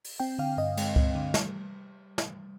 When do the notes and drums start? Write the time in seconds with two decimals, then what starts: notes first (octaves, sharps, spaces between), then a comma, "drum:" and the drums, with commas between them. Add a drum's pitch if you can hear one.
0.04 drum: open hi-hat
0.20 C4 G5
0.39 D3 F5
0.57 G2 D#5
0.77 G#3, drum: cymbal
0.96 C4, drum: kick C#2
1.15 D3
1.34 G3, drum: snare
2.18 drum: snare